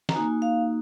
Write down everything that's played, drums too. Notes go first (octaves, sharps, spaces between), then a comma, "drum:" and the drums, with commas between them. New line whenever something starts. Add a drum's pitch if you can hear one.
A#5, drum: snare
A#3 D#4 F#4 G#5
F5